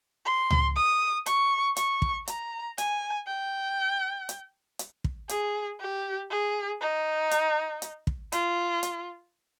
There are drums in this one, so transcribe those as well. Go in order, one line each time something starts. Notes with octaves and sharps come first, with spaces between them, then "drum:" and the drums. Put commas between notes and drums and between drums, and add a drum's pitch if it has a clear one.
C6
drum: tom C#2
D#6
C#6, drum: hi-hat
C#6, drum: hi-hat
drum: kick
A#5, drum: hi-hat
G#5, drum: hi-hat
G5
drum: hi-hat
drum: hi-hat
drum: kick
G#4, drum: hi-hat
G4
G#4
D#4
drum: hi-hat
drum: hi-hat
drum: kick
F4, drum: hi-hat
drum: hi-hat